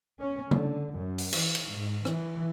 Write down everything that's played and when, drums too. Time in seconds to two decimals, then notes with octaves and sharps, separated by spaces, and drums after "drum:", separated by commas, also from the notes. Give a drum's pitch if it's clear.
0.21 C#4
0.51 D3, drum: tom C#3
0.93 F#2
1.18 drum: open hi-hat
1.33 E3, drum: cymbal
1.55 drum: cymbal
1.68 G#2
2.05 E3, drum: rim click